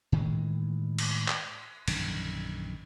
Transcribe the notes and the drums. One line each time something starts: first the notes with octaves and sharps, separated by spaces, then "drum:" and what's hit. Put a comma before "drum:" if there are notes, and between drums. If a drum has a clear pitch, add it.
A2 D#3 E3 G#3
drum: cymbal
drum: clap
A#1 F#2 D3 D#3, drum: cymbal